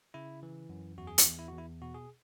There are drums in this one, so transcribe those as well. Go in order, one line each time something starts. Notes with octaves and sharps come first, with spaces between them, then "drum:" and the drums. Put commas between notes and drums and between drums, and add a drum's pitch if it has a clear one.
C#3 E4
E3
F#2
E2 F#4
G#4
F#4, drum: hi-hat
E2
E4
F#4
E2
E4
B2 F#4
G#4